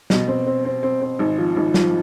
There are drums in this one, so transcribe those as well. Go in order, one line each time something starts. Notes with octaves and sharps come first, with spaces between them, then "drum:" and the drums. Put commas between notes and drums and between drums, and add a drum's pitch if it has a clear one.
B2, drum: snare
C4
C4
C4
C4
C4
G#1
F3
G#1
F3, drum: snare